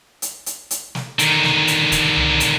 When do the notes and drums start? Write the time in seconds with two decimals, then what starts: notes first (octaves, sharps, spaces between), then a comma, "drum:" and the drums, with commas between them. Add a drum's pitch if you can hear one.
0.22 drum: hi-hat
0.46 drum: hi-hat
0.71 drum: hi-hat
0.95 drum: snare
1.19 D3 D#3, drum: hi-hat
1.43 drum: snare
1.67 drum: hi-hat
1.92 drum: kick, hi-hat
2.16 drum: tom C2
2.40 drum: hi-hat